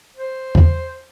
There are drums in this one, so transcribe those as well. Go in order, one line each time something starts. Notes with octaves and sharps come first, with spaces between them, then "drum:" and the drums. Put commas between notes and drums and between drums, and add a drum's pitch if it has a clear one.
C5
drum: tom